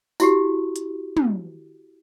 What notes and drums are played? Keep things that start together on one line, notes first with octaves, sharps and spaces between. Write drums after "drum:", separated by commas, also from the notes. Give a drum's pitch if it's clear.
E4 F#4 G4, drum: tambourine
drum: hi-hat
drum: tom